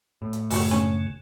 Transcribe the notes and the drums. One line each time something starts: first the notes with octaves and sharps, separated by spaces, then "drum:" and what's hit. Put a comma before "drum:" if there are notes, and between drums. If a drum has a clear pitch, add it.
A2
drum: hi-hat
F#2 C#3 G3 A3 F#4, drum: open hi-hat
C#4, drum: snare D4